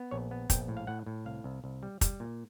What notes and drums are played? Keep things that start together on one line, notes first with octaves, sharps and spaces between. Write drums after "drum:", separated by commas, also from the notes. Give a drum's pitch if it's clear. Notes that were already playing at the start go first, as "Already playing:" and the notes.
Already playing: B3
A#1 C#5
B3
A#1 G5, drum: kick, hi-hat
A2
F5
A2 F#5
A2
C2 F5
C2
C2
G3
G3, drum: kick, hi-hat
A#2